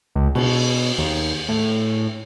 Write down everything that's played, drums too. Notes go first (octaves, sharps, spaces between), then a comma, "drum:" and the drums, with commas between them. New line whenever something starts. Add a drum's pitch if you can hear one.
C#2
B2, drum: cymbal
D#2
A2